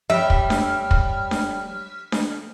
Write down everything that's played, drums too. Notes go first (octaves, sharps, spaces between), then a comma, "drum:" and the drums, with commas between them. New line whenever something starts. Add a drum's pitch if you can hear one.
G3 C#5 E5 G5 B5 F6
drum: kick
drum: snare D4
drum: kick
drum: snare D4
drum: snare D4